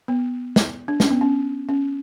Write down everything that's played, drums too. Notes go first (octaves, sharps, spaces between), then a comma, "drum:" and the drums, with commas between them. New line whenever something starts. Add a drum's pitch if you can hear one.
B3
drum: snare
D4
C#4, drum: snare
B3
C#4
C#4